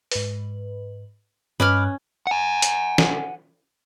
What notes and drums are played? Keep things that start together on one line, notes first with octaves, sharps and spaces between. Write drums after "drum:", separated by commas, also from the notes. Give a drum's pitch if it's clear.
G#2 B4, drum: open hi-hat
G2 C#4 B4 D#5 B5 D6 F6 F#6
F#5 G#5
drum: hi-hat
drum: snare